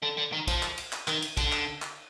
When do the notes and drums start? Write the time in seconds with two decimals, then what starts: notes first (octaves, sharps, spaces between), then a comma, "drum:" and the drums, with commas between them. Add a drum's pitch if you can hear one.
0.02 D3
0.17 D3
0.32 D#3
0.47 F3, drum: kick, cymbal
0.63 drum: clap
0.77 drum: cymbal
0.92 drum: clap
1.08 D#3, drum: clap
1.22 drum: cymbal
1.37 D3, drum: kick, cymbal
1.52 drum: clap
1.82 drum: clap